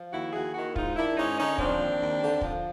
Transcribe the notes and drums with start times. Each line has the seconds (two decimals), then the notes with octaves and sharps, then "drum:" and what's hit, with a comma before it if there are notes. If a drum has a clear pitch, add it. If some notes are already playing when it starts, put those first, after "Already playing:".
Already playing: F3
0.13 D#2 E4 F#4
0.33 D#2 F#4 G#4
0.54 D#3 E4 F#4
0.76 G#2 D#4 F4, drum: kick
0.96 D#3 D4 E4
1.17 G#2 C#4 D#4
1.37 D3 C#4 D#4
1.58 F3 C4 D4, drum: kick
1.79 D#2
2.00 D#2
2.21 D3
2.41 F3, drum: kick